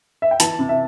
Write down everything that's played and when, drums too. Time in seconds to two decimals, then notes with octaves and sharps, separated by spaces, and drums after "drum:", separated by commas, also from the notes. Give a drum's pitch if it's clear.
0.22 E5
0.31 G5
0.40 E3 A5, drum: hi-hat
0.59 C3
0.69 E5